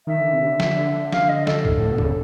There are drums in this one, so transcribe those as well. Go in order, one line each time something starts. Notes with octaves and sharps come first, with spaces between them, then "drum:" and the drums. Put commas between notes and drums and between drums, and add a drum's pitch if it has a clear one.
D#3 E5
D3
C3
D3
drum: snare F3
F5, drum: snare F3
D#5
A4, drum: snare F3
A2, drum: kick
A2
B2
D3, drum: kick
C#3